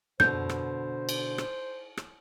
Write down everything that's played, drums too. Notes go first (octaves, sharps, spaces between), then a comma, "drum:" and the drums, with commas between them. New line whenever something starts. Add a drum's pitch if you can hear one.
B2 D3 C5 G6, drum: tom
drum: rim click
drum: cymbal
drum: rim click
drum: rim click